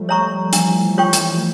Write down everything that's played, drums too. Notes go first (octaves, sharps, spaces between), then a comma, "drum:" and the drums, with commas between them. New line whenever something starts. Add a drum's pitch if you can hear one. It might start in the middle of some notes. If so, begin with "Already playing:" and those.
Already playing: F3 G3 A3
C#5 E5 A#5 C#6
G3
E3 D4, drum: hi-hat
F3 F4 C#5 G5 C#6
drum: hi-hat
F3